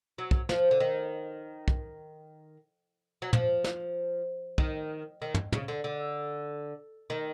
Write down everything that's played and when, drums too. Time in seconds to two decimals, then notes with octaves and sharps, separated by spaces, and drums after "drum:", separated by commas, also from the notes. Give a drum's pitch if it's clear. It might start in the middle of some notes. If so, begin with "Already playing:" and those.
0.18 F#3
0.31 drum: kick
0.49 F3, drum: snare
0.71 D3
0.80 D#3
1.68 drum: kick
3.22 F#3
3.33 F3, drum: tom
3.64 drum: snare
4.58 D#3, drum: kick
5.22 D#3
5.34 drum: tom
5.53 C#3, drum: tom
5.68 D3
5.84 D3
7.10 D#3